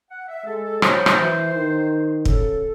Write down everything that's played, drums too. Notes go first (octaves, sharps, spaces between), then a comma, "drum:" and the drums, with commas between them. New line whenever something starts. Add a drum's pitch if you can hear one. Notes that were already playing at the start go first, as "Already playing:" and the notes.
F#5
E5
G#3 A4
A4
F#3 C5, drum: rim click
drum: rim click
E3
D#3
C#3 A4, drum: kick